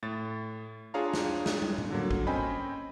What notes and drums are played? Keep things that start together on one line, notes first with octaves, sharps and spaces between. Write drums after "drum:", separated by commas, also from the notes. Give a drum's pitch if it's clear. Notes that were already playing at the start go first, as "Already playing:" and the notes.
A2 A6
D4 F4 G#4 C#5 F5 A#5
drum: snare
drum: snare
drum: tom
drum: tom A2
D3 F#3 A#3
drum: kick
C4 C#4 D#5 G5 G#5 B5